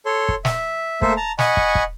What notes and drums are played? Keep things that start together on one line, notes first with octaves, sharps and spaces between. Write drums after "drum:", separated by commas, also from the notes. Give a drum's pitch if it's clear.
A4 C#5 C6
drum: kick
E5, drum: snare
A3 A#3 A4 C5 E5, drum: kick
A5 A#5
D#5 F#5 G#5 B5 C#6, drum: snare
drum: kick
drum: kick